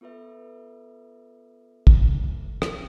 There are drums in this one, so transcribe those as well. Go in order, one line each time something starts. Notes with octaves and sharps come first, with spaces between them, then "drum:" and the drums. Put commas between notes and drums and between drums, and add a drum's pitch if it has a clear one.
B3 F4 A4 B4 E5
drum: kick
drum: rim click